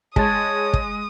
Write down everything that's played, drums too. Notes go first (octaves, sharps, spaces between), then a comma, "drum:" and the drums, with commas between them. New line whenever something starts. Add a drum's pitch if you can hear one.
G#3 C#5 A5 D#6 A6, drum: kick
drum: kick